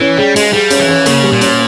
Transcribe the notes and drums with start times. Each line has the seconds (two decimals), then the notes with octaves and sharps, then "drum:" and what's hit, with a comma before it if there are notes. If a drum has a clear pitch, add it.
0.01 E3 C#4
0.18 G3 G#4
0.36 G#3 G#4, drum: cymbal
0.53 G3 G#4
0.70 C#4, drum: cymbal
0.80 E3
0.89 C#4
1.06 C#3 A#3, drum: cymbal
1.23 G3
1.32 A#2
1.41 C#4, drum: cymbal